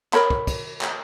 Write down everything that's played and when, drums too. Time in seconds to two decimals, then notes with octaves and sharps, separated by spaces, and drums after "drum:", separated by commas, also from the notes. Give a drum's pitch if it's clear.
0.13 A#4 C#5 B5, drum: clap
0.30 drum: kick
0.47 drum: kick, cymbal
0.81 drum: clap